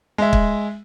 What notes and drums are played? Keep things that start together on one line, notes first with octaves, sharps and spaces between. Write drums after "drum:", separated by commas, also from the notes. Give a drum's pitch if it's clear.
G#3 E5
drum: kick